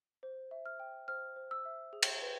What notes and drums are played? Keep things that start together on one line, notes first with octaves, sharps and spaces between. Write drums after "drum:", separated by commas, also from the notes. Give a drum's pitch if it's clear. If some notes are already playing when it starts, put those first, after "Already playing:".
C5
E5
F6
G5
C5 F6
C5
E6
E5
G#4
drum: cymbal
B4